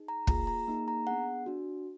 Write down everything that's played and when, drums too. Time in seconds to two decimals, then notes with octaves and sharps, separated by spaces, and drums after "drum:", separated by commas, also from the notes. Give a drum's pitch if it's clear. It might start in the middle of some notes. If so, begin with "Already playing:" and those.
Already playing: D#4 G#4
0.08 A#5
0.27 A#3 F4 G#4 A#5, drum: kick
0.47 A#5
0.68 A#3 D#4 G#4
0.88 A#5
1.07 B3 D4 G#4 F#5
1.46 D4 F#4